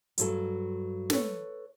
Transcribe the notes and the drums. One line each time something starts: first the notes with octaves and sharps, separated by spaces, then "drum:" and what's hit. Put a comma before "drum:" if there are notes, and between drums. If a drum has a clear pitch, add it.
G2 F#3 A4, drum: hi-hat
A4 B4 C#5, drum: snare